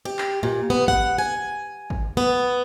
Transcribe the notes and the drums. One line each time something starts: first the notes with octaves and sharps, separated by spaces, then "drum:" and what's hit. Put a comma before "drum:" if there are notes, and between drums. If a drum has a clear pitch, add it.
G4
drum: clap
A#2
B3
F#5, drum: kick G#1
G#5
drum: kick G#1
B3